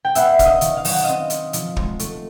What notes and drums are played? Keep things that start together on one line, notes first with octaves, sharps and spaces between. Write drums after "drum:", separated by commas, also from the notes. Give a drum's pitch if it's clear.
G5
B3 E5 F#5, drum: hi-hat
D4, drum: kick, hi-hat
D#5 F5
D#3, drum: hi-hat
F5
F#3, drum: open hi-hat
F#5
C4 D#5 F5
D#4, drum: hi-hat
F3, drum: hi-hat
G#3, drum: kick
A3, drum: hi-hat